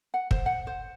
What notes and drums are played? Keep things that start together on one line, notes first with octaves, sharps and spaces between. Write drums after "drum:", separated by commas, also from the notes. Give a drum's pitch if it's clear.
F#5
C5, drum: kick
F#5
C5